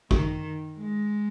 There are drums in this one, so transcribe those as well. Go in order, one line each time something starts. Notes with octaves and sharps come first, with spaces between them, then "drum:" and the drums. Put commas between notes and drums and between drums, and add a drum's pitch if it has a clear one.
D#3, drum: kick
G#3